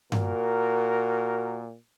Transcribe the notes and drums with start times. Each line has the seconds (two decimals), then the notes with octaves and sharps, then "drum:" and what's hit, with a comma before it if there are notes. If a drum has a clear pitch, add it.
0.12 A#2 F#4 A#4, drum: tom G2